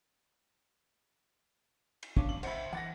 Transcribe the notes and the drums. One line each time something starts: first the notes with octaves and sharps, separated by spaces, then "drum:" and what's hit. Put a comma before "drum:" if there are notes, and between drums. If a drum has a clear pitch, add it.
drum: cymbal
C#4 D4 F5, drum: kick
F#7
C5 E5 F#5 B5, drum: cymbal
E3 F#5 A6 A#6